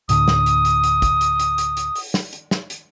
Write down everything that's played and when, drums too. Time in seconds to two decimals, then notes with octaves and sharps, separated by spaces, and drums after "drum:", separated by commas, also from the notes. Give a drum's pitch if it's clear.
0.09 D2 A2 D3 D#6, drum: hi-hat
0.28 drum: snare
0.46 drum: hi-hat
0.65 drum: hi-hat
0.84 drum: hi-hat
1.02 drum: kick, hi-hat
1.21 drum: hi-hat
1.39 drum: hi-hat
1.58 drum: hi-hat
1.77 drum: hi-hat
1.95 drum: open hi-hat
2.14 drum: snare
2.33 drum: hi-hat
2.51 drum: snare
2.70 drum: hi-hat